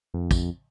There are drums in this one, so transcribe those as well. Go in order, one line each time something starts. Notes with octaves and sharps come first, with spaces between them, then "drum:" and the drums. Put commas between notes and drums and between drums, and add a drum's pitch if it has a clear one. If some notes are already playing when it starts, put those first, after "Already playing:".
F2
drum: kick, tambourine